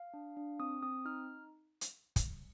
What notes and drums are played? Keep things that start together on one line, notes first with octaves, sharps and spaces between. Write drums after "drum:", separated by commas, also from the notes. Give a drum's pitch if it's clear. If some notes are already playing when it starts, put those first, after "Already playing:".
Already playing: F5
D4
D4
C4 D#6
C4 D#6
D#4 F6
drum: hi-hat
drum: kick, hi-hat